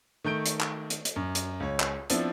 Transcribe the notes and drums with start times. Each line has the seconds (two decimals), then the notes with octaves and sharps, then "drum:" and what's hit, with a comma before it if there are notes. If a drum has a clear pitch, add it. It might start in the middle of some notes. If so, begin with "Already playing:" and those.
0.24 D#3 A3 G6 D7
0.46 drum: hi-hat
0.61 drum: clap
0.90 drum: hi-hat
1.05 drum: hi-hat
1.16 F#2
1.35 drum: hi-hat
1.60 C#2 C#5
1.80 drum: clap
2.10 F3 B3 C4 D4 E4, drum: hi-hat